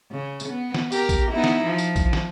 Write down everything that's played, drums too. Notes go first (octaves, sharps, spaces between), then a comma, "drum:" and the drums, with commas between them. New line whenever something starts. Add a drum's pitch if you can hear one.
C#3
drum: tambourine
B3
drum: snare
G4 A#4, drum: tambourine
drum: kick, tambourine
B3 D#4 E4
drum: snare
F3
drum: tambourine
drum: kick, tambourine
drum: snare